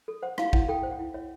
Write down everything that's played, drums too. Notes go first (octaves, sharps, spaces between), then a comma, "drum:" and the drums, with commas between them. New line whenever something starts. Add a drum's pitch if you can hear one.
A4
C5 F#5
E4 F5, drum: rim click
E4 F#5, drum: kick
A4 G5
C5
F#5
E4
C#5 E5